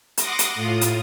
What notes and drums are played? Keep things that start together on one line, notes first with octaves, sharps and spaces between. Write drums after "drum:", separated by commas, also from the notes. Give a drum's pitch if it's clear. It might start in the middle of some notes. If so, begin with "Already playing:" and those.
F#5 C6 D6 D#6 A#6, drum: hi-hat
drum: hi-hat
A2 F4 D#6
drum: hi-hat